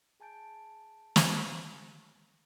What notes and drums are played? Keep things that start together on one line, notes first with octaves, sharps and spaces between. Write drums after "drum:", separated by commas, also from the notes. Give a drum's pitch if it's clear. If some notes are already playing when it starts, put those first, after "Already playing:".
G#4 G#5 A5 G6 D7
drum: snare